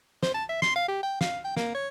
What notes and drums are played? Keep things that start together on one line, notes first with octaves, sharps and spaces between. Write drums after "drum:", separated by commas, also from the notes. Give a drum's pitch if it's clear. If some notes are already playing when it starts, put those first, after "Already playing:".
C5, drum: snare
A5
E5
C6, drum: snare
F5
G4
G5
F5, drum: snare
G5
A#3, drum: snare
C#5